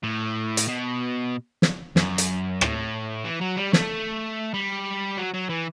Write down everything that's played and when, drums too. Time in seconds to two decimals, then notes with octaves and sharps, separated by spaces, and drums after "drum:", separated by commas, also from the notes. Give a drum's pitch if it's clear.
0.03 A2
0.57 drum: hi-hat
0.68 B2
1.62 drum: snare
1.96 F#2, drum: snare
2.18 drum: hi-hat
2.61 A2, drum: rim click
3.25 E3
3.41 F#3
3.57 G3
3.73 A3, drum: snare
4.54 G3
5.17 F#3
5.34 F#3
5.49 E3